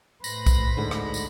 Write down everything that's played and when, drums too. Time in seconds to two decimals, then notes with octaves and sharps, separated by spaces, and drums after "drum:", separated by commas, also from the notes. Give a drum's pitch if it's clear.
0.24 A2 B4 C5 B5 A#6, drum: tambourine
0.46 drum: kick B1, tambourine
0.77 D2 G#2 D3
0.91 drum: rim click
1.14 drum: tambourine